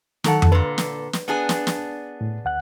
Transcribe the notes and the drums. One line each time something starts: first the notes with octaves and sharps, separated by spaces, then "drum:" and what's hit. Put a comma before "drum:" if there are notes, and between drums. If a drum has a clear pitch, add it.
D#3 F#3 A4 F#5 A5, drum: snare
drum: tom F2
A#2 D3 B4
drum: snare
drum: snare
B3 D4 G#4
drum: snare
drum: snare
A2
D2 F#5 F#6